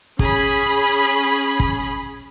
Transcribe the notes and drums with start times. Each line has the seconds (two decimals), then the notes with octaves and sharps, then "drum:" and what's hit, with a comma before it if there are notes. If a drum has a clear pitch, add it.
0.19 C#4 G#4 B5, drum: kick
1.60 drum: kick